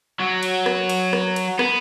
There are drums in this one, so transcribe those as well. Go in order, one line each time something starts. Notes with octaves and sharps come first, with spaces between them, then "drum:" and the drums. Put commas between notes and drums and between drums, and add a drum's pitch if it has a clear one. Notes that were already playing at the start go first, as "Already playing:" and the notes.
F#3
drum: cymbal
drum: rim click
drum: cymbal
drum: rim click
drum: cymbal
B3, drum: rim click